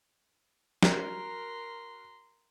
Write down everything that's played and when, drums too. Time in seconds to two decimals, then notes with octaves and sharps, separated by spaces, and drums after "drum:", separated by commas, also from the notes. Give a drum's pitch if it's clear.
0.83 F#4 A#4 A#5 C6, drum: snare